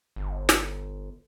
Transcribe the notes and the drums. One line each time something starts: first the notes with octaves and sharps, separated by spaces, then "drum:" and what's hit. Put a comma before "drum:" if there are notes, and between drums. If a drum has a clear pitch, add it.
G1
drum: snare